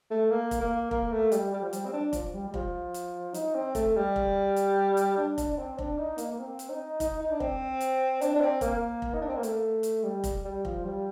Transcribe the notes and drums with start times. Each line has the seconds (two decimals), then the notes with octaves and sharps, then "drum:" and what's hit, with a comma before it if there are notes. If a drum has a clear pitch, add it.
0.11 A3
0.31 A#3
0.51 drum: kick F1, hi-hat
0.61 A#3
0.91 A#3, drum: kick F1
1.12 A3
1.32 G3, drum: hi-hat
1.53 G3
1.62 F3
1.73 G3, drum: hi-hat
1.85 C4
1.93 D4
2.13 F3, drum: kick F1, hi-hat
2.34 G3
2.48 G3
2.54 F3, drum: kick F1
2.94 drum: hi-hat
3.34 D#4, drum: hi-hat
3.55 C4
3.75 A3, drum: kick F1, hi-hat
3.96 G3
4.16 drum: kick F1
4.56 drum: hi-hat
4.97 drum: hi-hat
5.17 D4
5.38 D4, drum: kick F1, hi-hat
5.53 D4
5.58 C4
5.79 D4, drum: kick F1
5.98 D#4
6.18 A#3, drum: hi-hat
6.31 A#3
6.39 C4
6.59 drum: hi-hat
6.70 D#4
7.00 D#4, drum: kick F1, hi-hat
7.21 D#4
7.31 D4
7.40 C4, drum: kick F1
7.81 drum: hi-hat
8.21 D4, drum: hi-hat
8.35 D4
8.41 C4
8.61 A#3, drum: kick F1, hi-hat
9.02 drum: kick F1
9.14 D#4
9.21 D4
9.28 C4
9.36 A#3
9.43 A3, drum: hi-hat
9.83 drum: hi-hat
10.03 G3
10.24 drum: kick F1, hi-hat
10.44 G3
10.65 F3, drum: kick F1
10.85 G3